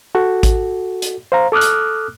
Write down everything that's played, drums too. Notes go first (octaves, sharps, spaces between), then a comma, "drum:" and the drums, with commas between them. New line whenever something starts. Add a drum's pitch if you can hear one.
F#4 A4
drum: kick A1, hi-hat
drum: hi-hat
C5 F5 A#5
A4 D6 D#6 F6 F#6
drum: hi-hat